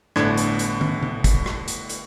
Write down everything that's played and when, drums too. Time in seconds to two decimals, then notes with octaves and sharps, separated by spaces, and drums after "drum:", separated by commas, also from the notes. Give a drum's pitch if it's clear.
0.16 G1 A2 D4 G#6, drum: rim click
0.37 drum: hi-hat
0.59 drum: hi-hat
0.81 drum: tom
1.03 drum: tom C3
1.24 drum: kick, hi-hat
1.46 drum: rim click
1.68 drum: hi-hat
1.89 drum: hi-hat